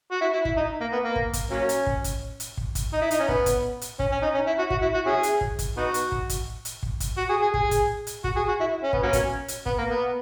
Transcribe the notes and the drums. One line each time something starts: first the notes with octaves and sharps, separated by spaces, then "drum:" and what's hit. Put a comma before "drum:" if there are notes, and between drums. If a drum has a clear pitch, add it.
F#4
E4
E4
E4, drum: kick
D#4
A#3
B3
A#3
drum: kick
drum: kick, hi-hat
F#3 A#3 C#4
drum: hi-hat
drum: kick
drum: kick, hi-hat
drum: hi-hat
drum: kick
drum: kick, hi-hat
D#4
E4
D#4, drum: hi-hat
C#4
B3, drum: kick
drum: kick, hi-hat
drum: hi-hat
C#4, drum: kick
C#4
D#4
C#4
E4
F#4
F#4, drum: kick
E4
F#4
C#4 E4 G#4
drum: hi-hat
drum: kick
drum: kick, hi-hat
B3 D#4 F#4
drum: hi-hat
drum: kick
drum: kick, hi-hat
drum: hi-hat
drum: kick
drum: kick, hi-hat
F#4
G#4
G#4
G#4, drum: kick
drum: kick, hi-hat
drum: hi-hat
F#4, drum: kick
G#4
F#4
E4
C#4
B3, drum: kick
F#3 A#3 C#4
drum: kick, hi-hat
drum: hi-hat
B3, drum: kick
A#3
B3